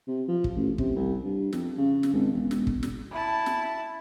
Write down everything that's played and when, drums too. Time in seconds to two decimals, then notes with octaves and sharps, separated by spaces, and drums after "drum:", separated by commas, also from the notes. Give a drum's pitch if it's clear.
0.08 C3
0.29 F3
0.44 drum: kick
0.56 A1
0.78 C3, drum: kick
0.96 C2
1.24 G2
1.53 F2, drum: snare
1.78 C#3
2.03 drum: snare
2.13 G#1
2.32 E1
2.51 drum: snare
2.67 drum: kick
2.83 drum: snare
3.11 E4 A5
3.46 drum: snare